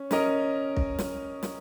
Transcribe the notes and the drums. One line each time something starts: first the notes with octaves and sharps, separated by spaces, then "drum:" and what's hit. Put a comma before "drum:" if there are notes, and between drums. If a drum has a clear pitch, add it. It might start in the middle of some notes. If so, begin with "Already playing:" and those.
Already playing: C#4
C#4 A#4 D#5, drum: snare
drum: kick
drum: snare
drum: snare